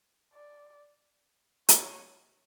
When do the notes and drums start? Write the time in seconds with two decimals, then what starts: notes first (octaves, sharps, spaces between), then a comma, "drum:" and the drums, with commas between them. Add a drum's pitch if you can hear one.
0.34 D5
1.69 C#5, drum: hi-hat